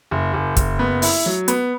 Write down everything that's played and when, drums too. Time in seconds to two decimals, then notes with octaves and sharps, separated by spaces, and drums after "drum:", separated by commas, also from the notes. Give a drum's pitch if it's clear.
0.11 F#1
0.34 F#1
0.57 F#1, drum: kick, hi-hat
0.79 B3
1.02 E4, drum: open hi-hat
1.26 F#3
1.48 B3, drum: hi-hat